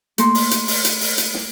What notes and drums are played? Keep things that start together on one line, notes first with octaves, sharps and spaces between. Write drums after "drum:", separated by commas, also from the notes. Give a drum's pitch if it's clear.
A3 A#3 A#4 C6, drum: hi-hat
drum: open hi-hat
drum: hi-hat
drum: open hi-hat
drum: hi-hat
drum: open hi-hat
drum: hi-hat
drum: snare